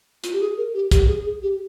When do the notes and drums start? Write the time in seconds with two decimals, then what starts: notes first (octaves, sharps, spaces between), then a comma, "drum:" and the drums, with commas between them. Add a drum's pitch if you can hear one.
0.24 F4, drum: hi-hat
0.33 G4
0.41 G#4
0.57 A#4
0.74 G4
0.91 G4, drum: kick, hi-hat
1.08 G#4
1.26 G#4
1.42 G4